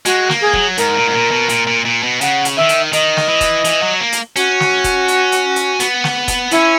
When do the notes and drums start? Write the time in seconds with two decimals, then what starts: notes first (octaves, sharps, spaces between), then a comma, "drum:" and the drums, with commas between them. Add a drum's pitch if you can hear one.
0.05 G#3 F#4, drum: hi-hat
0.29 A#3, drum: snare
0.41 G#4
0.53 F#3, drum: kick
0.78 G#2 A#4, drum: hi-hat
0.96 A#2
1.07 G#2
1.13 A#2
1.31 B2
1.49 A#2, drum: hi-hat
1.67 A#2
1.85 A#2
2.03 B2
2.21 C#3 F#5, drum: hi-hat
2.45 drum: hi-hat
2.57 D#3 E5
2.69 drum: hi-hat
2.93 D#3 D#5, drum: hi-hat
3.17 drum: snare
3.29 E3
3.41 drum: kick, hi-hat
3.65 E3, drum: hi-hat
3.82 F#3
4.00 A#3
4.12 drum: hi-hat
4.36 C#4 F#4, drum: hi-hat
4.60 drum: snare
4.84 drum: kick, hi-hat
5.08 drum: hi-hat
5.32 drum: hi-hat
5.56 drum: hi-hat
5.80 B3, drum: hi-hat
6.04 drum: snare
6.28 drum: kick, hi-hat
6.51 C#4 E4, drum: hi-hat